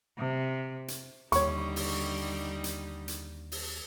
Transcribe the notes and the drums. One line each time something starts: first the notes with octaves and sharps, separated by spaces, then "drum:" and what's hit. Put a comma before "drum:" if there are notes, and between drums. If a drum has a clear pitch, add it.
C3
drum: hi-hat
D#2 D3 G3 D#4 C#5 F#5 C#6, drum: hi-hat
drum: open hi-hat
drum: hi-hat
drum: hi-hat
drum: open hi-hat